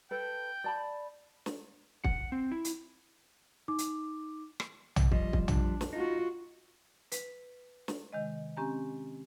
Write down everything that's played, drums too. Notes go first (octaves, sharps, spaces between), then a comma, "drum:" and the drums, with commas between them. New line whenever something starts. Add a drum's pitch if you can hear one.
A4 B4 G5
D5 A5 B5
drum: snare
F#5, drum: kick
C4
E4
drum: hi-hat
D#4 D6
drum: hi-hat
drum: rim click
drum: tom
F3 G3 D#5, drum: kick
drum: kick
D4, drum: tom
drum: snare
D#4 F4 F#4
B4, drum: hi-hat
drum: snare
C3 D#3 G#3 D#5
C4 C#4 G4 G#5 A#5